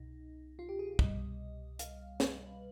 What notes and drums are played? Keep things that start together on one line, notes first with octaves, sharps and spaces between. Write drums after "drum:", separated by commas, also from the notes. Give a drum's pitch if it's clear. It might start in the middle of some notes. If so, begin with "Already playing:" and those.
Already playing: C2 B2 D#4
F4
G4
G#4
C2 B2 G3 D#5, drum: kick
F5, drum: hi-hat
B4, drum: snare